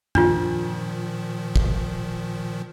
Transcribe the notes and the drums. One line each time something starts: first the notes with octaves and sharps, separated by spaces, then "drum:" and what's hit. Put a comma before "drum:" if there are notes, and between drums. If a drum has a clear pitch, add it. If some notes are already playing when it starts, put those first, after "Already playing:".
A#2 D#3 F3 D4 F4, drum: tom F#2
drum: kick